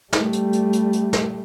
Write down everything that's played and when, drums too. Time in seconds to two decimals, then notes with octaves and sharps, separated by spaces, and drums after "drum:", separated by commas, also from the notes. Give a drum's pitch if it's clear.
0.13 G3 A3, drum: snare
0.33 drum: hi-hat
0.53 drum: hi-hat
0.73 drum: hi-hat
0.93 drum: hi-hat
1.13 drum: snare